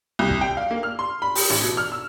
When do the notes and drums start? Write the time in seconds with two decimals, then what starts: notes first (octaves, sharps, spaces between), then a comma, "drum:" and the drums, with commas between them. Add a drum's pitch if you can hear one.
0.19 C2
0.30 drum: kick
0.41 G5
0.57 F5
0.71 A#3
0.83 F6
0.99 C6
1.22 B5
1.35 G4, drum: open hi-hat
1.50 A1
1.62 B2
1.77 F6
1.92 E6